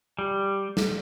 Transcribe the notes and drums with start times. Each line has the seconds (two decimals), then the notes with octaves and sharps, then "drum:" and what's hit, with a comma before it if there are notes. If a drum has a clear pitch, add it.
0.19 G3
0.77 drum: snare